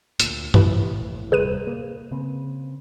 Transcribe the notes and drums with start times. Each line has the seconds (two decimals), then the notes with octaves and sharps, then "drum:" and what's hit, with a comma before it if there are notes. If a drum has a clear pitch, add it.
0.20 D2 A#2, drum: hi-hat
0.54 A#1 E2 A2 C3 E3 E4, drum: tom G2
1.32 D1 C3 G3 G#4 B4 D#7
1.67 A#3
2.11 C#3 C4